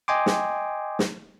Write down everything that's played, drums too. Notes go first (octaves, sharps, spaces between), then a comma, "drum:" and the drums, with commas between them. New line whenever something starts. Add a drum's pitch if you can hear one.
D#5 G5 G#5 C6 D6
drum: snare
drum: snare